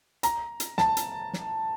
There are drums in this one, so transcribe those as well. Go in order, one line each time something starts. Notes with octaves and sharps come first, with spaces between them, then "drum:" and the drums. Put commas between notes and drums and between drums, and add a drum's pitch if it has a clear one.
A#5, drum: hi-hat
drum: hi-hat
A5, drum: snare
drum: hi-hat
drum: snare